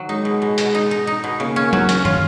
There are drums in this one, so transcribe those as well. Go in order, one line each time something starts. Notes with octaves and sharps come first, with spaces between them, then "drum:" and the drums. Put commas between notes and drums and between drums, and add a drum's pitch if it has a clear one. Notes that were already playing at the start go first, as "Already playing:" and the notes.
Already playing: D#3 F#3
G#3 D#4
B2
B2
B2, drum: hi-hat
D#4
D#4
D#4
B2
C#3 A#3
C#4
F#3, drum: tom F#3
C#4, drum: hi-hat
F4, drum: tom